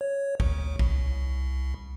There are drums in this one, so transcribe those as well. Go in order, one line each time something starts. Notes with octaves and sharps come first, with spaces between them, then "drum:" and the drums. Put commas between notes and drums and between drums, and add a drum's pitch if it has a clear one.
C#5
D2, drum: kick A1
C2, drum: kick A1